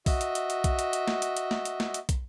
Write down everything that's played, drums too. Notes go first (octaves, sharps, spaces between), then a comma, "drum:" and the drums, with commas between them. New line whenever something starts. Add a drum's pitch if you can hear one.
F#4 D#5 E5, drum: kick, open hi-hat
drum: hi-hat
drum: hi-hat
drum: hi-hat
drum: kick, hi-hat
drum: hi-hat
drum: hi-hat
drum: snare
drum: hi-hat
drum: hi-hat
drum: snare
drum: hi-hat
drum: snare
drum: hi-hat
drum: kick, hi-hat